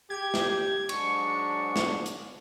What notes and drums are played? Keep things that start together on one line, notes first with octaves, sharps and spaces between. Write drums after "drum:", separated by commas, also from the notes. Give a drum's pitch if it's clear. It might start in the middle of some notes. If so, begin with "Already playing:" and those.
G4 G#6
drum: snare
G#2 F#3 D4 C#6, drum: cymbal
drum: snare
drum: hi-hat